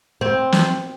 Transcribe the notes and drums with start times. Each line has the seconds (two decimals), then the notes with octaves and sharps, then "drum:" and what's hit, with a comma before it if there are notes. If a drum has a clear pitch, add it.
0.21 C4
0.52 drum: snare